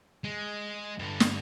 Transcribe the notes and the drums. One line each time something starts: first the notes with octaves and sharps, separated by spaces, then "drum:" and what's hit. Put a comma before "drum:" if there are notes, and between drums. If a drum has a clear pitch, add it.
G#3
G2 D3
drum: snare